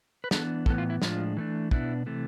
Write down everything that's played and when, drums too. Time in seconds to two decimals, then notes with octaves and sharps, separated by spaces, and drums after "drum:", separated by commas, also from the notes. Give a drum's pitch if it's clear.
0.24 B4
0.31 E3 B3 D4 A4, drum: snare
0.66 A2 E3 B3 A4, drum: kick
0.78 F4
0.90 E4
1.02 A2 F3 G#3 D4 F4, drum: snare
1.37 E3 A3 D4
1.71 B2 B3 D4 E4, drum: kick
2.06 C3 E3 A3